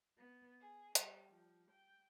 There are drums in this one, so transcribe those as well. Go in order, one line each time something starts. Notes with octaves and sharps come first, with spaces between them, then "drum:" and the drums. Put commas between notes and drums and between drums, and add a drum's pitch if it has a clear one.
B3
G#4
G3, drum: hi-hat
F3
G5